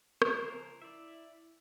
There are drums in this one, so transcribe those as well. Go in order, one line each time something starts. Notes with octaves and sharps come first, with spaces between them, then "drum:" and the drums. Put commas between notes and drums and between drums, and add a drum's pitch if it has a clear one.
C#3 F3 A#4 C5, drum: rim click
E4 D5 E5